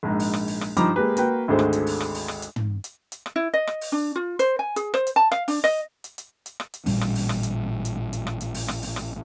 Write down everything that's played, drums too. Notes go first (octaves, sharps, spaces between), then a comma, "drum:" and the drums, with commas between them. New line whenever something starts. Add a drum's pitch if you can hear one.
A#1 G#2 D#4
drum: open hi-hat
drum: rim click
drum: open hi-hat
drum: rim click
G2 F3 D#4 A#5 B5 D6, drum: hi-hat
G#3 A#3 G4 B4
A#3 F#4 B4 G5, drum: hi-hat
G#1 D2 D3 G#3 A3 C5
drum: rim click
drum: hi-hat
drum: open hi-hat
drum: rim click
drum: open hi-hat
drum: rim click
drum: hi-hat
drum: tom
drum: hi-hat
drum: hi-hat
drum: rim click
E4
D#5
drum: rim click
drum: open hi-hat
D4
F4
C5, drum: hi-hat
G#5
G#4, drum: hi-hat
C5, drum: rim click
drum: hi-hat
A5
F5, drum: rim click
D4, drum: open hi-hat
D#5, drum: rim click
drum: hi-hat
drum: hi-hat
drum: hi-hat
drum: rim click
drum: hi-hat
A1 A#2 G3 C#4, drum: open hi-hat
drum: rim click
drum: open hi-hat
drum: rim click
drum: hi-hat
drum: hi-hat
drum: hi-hat
drum: rim click
drum: hi-hat
drum: open hi-hat
drum: rim click
drum: open hi-hat
drum: rim click